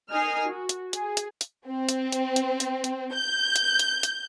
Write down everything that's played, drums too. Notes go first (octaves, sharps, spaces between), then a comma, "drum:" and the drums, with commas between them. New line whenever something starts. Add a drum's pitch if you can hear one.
D#4 A#4 G#5 D#6 F6 C7
F#4
drum: hi-hat
G#4, drum: hi-hat
drum: hi-hat
drum: hi-hat
C4
drum: hi-hat
drum: hi-hat
drum: hi-hat
drum: hi-hat
drum: hi-hat
G6
drum: hi-hat
drum: hi-hat
drum: hi-hat